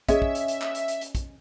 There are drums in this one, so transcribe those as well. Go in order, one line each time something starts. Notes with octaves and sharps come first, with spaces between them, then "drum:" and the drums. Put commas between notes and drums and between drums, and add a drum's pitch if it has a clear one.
C#4 G#4 D#5 E5, drum: kick, hi-hat
drum: kick
drum: hi-hat
drum: hi-hat
drum: clap
drum: hi-hat
drum: hi-hat
drum: hi-hat
drum: kick, hi-hat